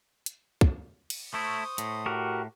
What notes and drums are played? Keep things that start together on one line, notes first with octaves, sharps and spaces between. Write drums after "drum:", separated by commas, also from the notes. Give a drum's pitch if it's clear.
drum: hi-hat
drum: kick
drum: cymbal
A3 E4 C5 C#6 D#6
A2, drum: hi-hat
F#4 G4 A#4